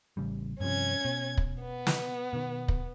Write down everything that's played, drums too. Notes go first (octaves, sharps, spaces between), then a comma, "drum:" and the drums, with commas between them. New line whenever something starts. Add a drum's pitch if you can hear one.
A1 C#3 G3
G2 C3 F3 C#4 G#6
B2
drum: kick
B3
drum: snare
B2 D#3
drum: kick